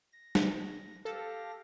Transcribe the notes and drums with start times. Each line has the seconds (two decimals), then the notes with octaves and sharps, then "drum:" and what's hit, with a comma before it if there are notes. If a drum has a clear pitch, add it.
0.12 A#6
0.35 drum: snare
1.05 G4 A4 F5 A#6